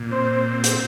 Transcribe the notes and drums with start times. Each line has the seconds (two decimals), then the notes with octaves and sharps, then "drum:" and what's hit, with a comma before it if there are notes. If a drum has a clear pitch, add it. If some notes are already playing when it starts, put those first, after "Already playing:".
Already playing: A#2
0.11 C4 C5
0.64 drum: hi-hat